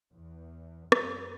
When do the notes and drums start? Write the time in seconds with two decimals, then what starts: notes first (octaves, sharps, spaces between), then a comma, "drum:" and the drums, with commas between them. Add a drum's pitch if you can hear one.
0.13 E2
0.92 F#2, drum: rim click